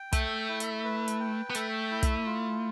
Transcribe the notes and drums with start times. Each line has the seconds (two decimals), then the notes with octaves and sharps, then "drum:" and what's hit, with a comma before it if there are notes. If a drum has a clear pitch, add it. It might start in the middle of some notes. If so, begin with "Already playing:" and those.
Already playing: G5
0.13 A3 E5, drum: kick, hi-hat
0.49 E4
0.60 drum: hi-hat
0.84 B4
1.08 drum: hi-hat
1.20 G5
1.50 B3
1.55 A3 E5, drum: hi-hat
1.91 E4
2.03 drum: kick, hi-hat
2.26 F4